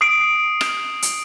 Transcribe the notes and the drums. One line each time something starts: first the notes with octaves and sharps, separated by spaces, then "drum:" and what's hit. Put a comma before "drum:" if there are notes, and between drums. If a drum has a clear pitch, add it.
D#6 C7 D7
drum: rim click
drum: hi-hat